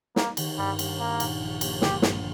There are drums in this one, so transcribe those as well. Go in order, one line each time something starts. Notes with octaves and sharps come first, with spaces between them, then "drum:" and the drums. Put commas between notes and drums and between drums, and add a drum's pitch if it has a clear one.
A#3 D#4, drum: snare
D#3, drum: cymbal
G2 G3
G3, drum: cymbal
A#3 D#4
A#2, drum: cymbal
A#1
A#3, drum: cymbal
G1 G4, drum: snare
G2, drum: snare